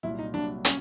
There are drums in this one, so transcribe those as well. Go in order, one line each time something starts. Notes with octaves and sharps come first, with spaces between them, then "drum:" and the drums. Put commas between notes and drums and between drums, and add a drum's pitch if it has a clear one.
C2 A#2 F#3 E4
D#4
C2 A#2 F#3 D4
C#4, drum: hi-hat